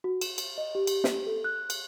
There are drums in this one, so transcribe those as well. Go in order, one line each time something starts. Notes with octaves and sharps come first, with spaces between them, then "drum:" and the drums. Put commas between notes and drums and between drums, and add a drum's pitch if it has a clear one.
F#4
E7, drum: cymbal
drum: cymbal
D#5
G4
drum: cymbal
drum: snare
A4
F#6
drum: cymbal